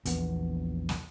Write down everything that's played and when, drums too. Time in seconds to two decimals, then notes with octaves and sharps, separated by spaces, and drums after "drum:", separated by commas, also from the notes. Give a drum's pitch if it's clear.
0.05 A#1 E2 B3, drum: hi-hat
0.89 drum: snare